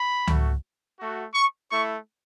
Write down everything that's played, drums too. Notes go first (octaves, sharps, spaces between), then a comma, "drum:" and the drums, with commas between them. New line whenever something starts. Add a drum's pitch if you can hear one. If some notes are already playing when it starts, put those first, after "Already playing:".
Already playing: B5
A3 F#4, drum: tom C#2
A3 F#4
C#6
A3 E4 C#6